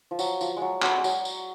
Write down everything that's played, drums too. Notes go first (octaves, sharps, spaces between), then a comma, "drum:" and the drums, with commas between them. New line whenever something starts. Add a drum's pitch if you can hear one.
F3
F#3, drum: tambourine
F3, drum: tambourine
F#3 G#3
F#3, drum: clap
G#3
F#3, drum: tambourine
drum: tambourine